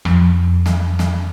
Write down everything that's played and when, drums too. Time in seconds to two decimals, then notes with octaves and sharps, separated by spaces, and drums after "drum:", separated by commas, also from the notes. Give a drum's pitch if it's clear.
0.05 F2, drum: rim click
0.66 drum: snare
0.99 drum: snare